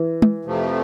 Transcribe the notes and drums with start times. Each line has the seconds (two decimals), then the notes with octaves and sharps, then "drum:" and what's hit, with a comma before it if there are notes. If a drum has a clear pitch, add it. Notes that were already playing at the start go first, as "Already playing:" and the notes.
Already playing: E3
0.22 drum: tom
0.45 F2 C3 F3 A3